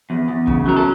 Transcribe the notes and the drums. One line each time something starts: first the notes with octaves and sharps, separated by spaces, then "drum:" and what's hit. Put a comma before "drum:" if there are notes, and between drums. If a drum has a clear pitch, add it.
E2
E2
C#3, drum: kick
F#3 A#4
A4